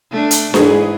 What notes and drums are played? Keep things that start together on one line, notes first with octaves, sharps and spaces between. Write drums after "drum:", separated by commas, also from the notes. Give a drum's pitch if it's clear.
A3 D4
drum: hi-hat
G#2 E3 G#4, drum: snare D4